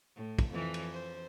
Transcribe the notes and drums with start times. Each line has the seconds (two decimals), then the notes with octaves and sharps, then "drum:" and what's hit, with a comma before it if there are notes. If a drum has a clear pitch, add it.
0.16 A2
0.39 drum: kick, cymbal
0.50 F2 E3
0.74 drum: cymbal
0.92 C5